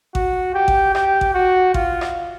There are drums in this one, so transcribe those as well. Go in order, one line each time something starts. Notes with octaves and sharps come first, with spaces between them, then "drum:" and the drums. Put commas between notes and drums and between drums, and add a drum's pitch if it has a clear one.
F#4, drum: kick A1
G4
drum: kick A1
G4, drum: rim click
drum: kick A1
F#4
F4, drum: kick A1
drum: rim click